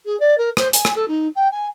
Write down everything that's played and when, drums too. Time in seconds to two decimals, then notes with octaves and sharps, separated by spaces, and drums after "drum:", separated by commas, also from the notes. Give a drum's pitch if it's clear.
0.05 G#4
0.20 D5
0.38 A#4
0.57 C5, drum: rim click
0.73 G#5, drum: hi-hat
0.85 drum: rim click
0.96 A4
1.08 D#4
1.35 G5
1.51 G#5